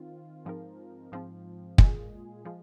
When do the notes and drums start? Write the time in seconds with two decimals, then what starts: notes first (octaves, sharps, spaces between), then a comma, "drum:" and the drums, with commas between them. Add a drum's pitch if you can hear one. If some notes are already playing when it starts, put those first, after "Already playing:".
Already playing: D#3 C4 F4
0.45 G#2 F3 C4 D#4 A#4
1.12 G#2 F3 C4
1.78 A#2 G#3 F4 G#4, drum: kick
2.45 F3 G#3 F4